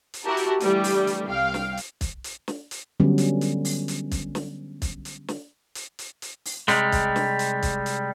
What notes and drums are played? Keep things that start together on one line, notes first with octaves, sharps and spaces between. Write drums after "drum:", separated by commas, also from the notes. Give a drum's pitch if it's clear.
drum: hi-hat
E4 F#4 G4 A#4 A5
drum: hi-hat
D3 E3 G3 A3, drum: hi-hat
drum: open hi-hat
drum: hi-hat
C2 F5 G5
drum: snare
drum: hi-hat
drum: kick, hi-hat
drum: hi-hat
drum: snare
drum: hi-hat
D3 F#3 G3 B3 C#4
drum: hi-hat
drum: hi-hat
drum: open hi-hat
drum: hi-hat
drum: kick, hi-hat
drum: snare
drum: kick, hi-hat
drum: hi-hat
drum: snare
drum: hi-hat
drum: hi-hat
drum: hi-hat
drum: open hi-hat
C3 G3 G#3, drum: hi-hat
drum: kick, hi-hat
drum: snare
drum: hi-hat
drum: kick, hi-hat
drum: hi-hat